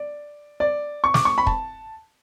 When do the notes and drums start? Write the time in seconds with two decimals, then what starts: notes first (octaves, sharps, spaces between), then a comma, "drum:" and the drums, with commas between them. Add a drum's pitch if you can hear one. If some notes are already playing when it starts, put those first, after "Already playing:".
Already playing: D5
0.60 D5
1.04 C#6
1.14 D6, drum: snare
1.25 C#6
1.38 B5
1.47 A5, drum: kick